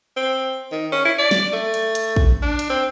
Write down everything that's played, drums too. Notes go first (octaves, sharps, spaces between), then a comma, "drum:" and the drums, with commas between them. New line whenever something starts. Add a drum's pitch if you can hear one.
C4
D#3
C#4
E4
D5
drum: snare
A3
drum: hi-hat
drum: hi-hat
drum: kick
D4
drum: hi-hat
C4